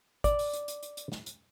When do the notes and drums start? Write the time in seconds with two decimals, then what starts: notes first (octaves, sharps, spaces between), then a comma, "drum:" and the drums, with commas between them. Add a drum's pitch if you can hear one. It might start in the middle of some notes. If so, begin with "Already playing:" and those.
0.24 D5, drum: kick, hi-hat
0.39 drum: open hi-hat
0.53 drum: hi-hat
0.68 drum: hi-hat
0.83 drum: hi-hat
0.97 drum: hi-hat
1.12 drum: snare
1.26 drum: hi-hat